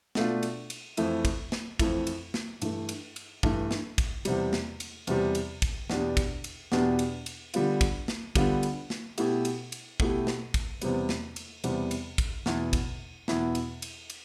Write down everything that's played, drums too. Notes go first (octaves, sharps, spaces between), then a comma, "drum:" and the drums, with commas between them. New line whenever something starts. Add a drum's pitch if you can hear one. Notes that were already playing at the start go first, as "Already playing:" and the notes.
B2 A3 D4 F4, drum: snare
drum: cymbal
drum: cymbal
F2 E3 A3 E4, drum: cymbal
drum: kick, cymbal
drum: snare
F2 E3 A3 E4, drum: kick, cymbal
drum: cymbal
drum: snare
G2 E3 A3, drum: cymbal
drum: cymbal
drum: cymbal
G2 E3 A3, drum: kick
drum: snare
drum: kick, cymbal
E2 C3 G3, drum: cymbal
drum: snare
drum: cymbal
E2 C3 G3, drum: cymbal
drum: cymbal
drum: kick, cymbal
E2 B2 B3 D4 G4, drum: snare
drum: kick, cymbal
drum: cymbal
E2 B2 B3 D4 G4, drum: snare
drum: cymbal
drum: cymbal
D3 G3 B3 F4, drum: cymbal
drum: kick, cymbal
drum: snare
D3 G3 B3 F4, drum: kick, cymbal
drum: cymbal
drum: snare
B2 A3 E4 G4, drum: cymbal
drum: cymbal
drum: cymbal
B2 A3 E4 G4, drum: kick
drum: snare
drum: kick, cymbal
E2 C3 G3 B3, drum: cymbal
drum: snare
drum: cymbal
E2 C3 G3 B3, drum: cymbal
drum: cymbal
drum: kick, cymbal
E2 B2 B3 E4, drum: snare
drum: kick, cymbal
E2 B2 B3 E4, drum: snare
drum: cymbal
drum: cymbal
drum: cymbal